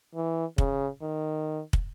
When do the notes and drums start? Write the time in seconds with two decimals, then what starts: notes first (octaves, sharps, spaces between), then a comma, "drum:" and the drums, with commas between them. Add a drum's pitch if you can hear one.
0.15 E3
0.58 C#3, drum: kick
1.02 D#3
1.73 drum: kick